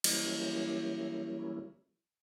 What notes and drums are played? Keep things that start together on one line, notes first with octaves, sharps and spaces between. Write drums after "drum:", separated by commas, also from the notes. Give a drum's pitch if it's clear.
E3 F#3 G3 A#3 C#4 E4, drum: cymbal